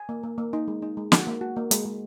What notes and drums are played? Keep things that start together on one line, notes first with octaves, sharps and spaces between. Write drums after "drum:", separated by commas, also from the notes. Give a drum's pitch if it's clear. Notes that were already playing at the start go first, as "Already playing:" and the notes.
Already playing: G#5
A#3
A#3
A#3
D#4
G#3
D#4
G#3
F#4, drum: snare
A#3
F#4
A#3
G#3, drum: hi-hat
G#3